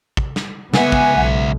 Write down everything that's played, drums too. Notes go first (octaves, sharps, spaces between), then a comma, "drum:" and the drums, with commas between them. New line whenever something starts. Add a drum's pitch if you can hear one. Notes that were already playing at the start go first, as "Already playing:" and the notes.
drum: kick
drum: snare
C#2 B3 E5 F#5 G#5, drum: snare
drum: kick
B1